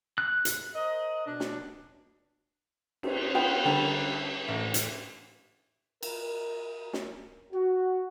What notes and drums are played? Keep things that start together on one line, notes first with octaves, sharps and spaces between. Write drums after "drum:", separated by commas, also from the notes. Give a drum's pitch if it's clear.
F#6
drum: hi-hat
A#4 C5 D#5
B2 D4
drum: snare
drum: cymbal
B3 F4 G5
D3 G3 G4 A#4
A1
drum: hi-hat
A#4, drum: cymbal
drum: snare
F#4